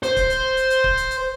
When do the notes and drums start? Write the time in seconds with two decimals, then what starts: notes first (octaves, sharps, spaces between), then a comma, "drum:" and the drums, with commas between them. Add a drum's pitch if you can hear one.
0.03 C5, drum: hi-hat
0.17 drum: kick C#1, hi-hat
0.30 drum: hi-hat
0.57 drum: hi-hat
0.70 drum: hi-hat
0.84 drum: kick C#1
0.97 drum: hi-hat
1.11 drum: hi-hat